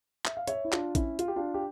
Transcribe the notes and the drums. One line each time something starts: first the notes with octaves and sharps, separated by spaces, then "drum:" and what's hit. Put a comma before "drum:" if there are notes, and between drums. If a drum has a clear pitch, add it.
E5, drum: clap
F5
C#5 E5, drum: hi-hat
E4
D4 F4, drum: clap
C#4 E4, drum: kick A1, hi-hat
F4, drum: hi-hat
G4
D4 F4
G4